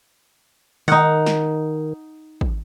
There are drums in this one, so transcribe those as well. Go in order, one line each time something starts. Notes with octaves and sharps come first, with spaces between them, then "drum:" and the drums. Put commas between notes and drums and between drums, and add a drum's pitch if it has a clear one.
D#3 D#4 F#5, drum: open hi-hat
drum: snare
drum: kick